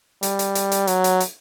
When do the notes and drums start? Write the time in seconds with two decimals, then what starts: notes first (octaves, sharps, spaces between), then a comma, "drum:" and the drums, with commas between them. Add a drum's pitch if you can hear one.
0.23 G3, drum: hi-hat
0.39 drum: hi-hat
0.55 drum: hi-hat
0.72 drum: hi-hat
0.87 F#3, drum: hi-hat
1.04 drum: hi-hat
1.20 drum: hi-hat